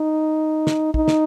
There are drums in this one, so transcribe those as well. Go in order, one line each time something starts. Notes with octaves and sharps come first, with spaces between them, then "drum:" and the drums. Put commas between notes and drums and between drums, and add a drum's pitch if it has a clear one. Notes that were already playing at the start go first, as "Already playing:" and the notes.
Already playing: D#4
drum: snare
D#4, drum: kick
drum: snare